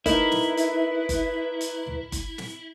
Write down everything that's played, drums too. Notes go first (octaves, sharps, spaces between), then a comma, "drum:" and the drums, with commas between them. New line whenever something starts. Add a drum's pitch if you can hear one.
A3 D#4 E4 A#4 B4, drum: kick F#1, hi-hat
drum: snare
drum: hi-hat
drum: kick F#1, hi-hat
drum: hi-hat
drum: tom
drum: kick F#1, hi-hat
drum: snare